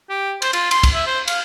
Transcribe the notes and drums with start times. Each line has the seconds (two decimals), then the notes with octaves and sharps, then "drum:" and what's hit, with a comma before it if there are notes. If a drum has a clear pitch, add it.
0.10 G4
0.42 C5, drum: cymbal
0.53 F4, drum: cymbal
0.71 C6, drum: cymbal
0.83 drum: kick, cymbal
0.94 E5
1.07 C5
1.28 F5, drum: cymbal